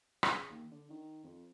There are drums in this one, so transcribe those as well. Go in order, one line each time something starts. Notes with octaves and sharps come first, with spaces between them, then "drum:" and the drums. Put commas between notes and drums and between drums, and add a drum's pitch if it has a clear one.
C#3, drum: rim click
D#2
D3
D#3
F2